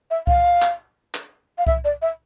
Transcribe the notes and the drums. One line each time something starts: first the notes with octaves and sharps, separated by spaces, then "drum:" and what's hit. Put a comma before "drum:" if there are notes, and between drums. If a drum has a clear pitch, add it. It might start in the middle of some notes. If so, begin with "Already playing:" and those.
E5
F5, drum: kick C2
drum: clap
drum: clap
F5
E5, drum: kick C2
D5
E5